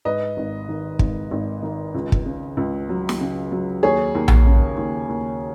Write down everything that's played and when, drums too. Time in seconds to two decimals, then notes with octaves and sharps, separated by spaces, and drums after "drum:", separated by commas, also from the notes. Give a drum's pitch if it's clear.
0.05 G#2 B4 D#5
0.37 G#1
0.69 D#3
0.99 G#1, drum: kick
1.31 G#1
1.63 D#3
1.95 C#2
2.12 drum: kick
2.26 C#3
2.57 C#2
2.89 F#3
3.09 drum: snare
3.20 C#3
3.52 F#3
3.83 D#2 G#4 C#5
4.15 D#2
4.28 drum: tom A#1
4.46 C#3
4.77 D#2
5.09 D#2